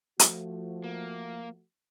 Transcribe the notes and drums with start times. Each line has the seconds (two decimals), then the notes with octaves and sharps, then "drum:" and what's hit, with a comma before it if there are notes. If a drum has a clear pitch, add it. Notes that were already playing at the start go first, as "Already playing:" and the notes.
0.19 F3 A3 F#4, drum: hi-hat
0.84 A#3